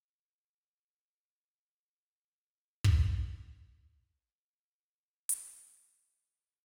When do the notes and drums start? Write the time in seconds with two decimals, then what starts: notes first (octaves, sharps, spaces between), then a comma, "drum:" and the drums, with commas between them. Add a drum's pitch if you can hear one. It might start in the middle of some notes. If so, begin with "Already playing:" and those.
Already playing: C4
0.52 A#3
2.32 D4
2.84 drum: kick
4.10 A#3
5.29 drum: hi-hat
5.89 D4